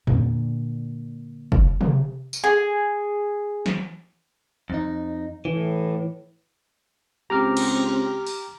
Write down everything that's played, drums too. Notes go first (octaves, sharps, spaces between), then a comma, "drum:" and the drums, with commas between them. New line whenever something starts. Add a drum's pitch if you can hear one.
A#2 D3, drum: tom E2
drum: kick
drum: tom C3
drum: tambourine
G#4
drum: snare
F2 D#4
A2 E3
C#2 C4 G4 A#5 D6 F6
drum: cymbal
drum: open hi-hat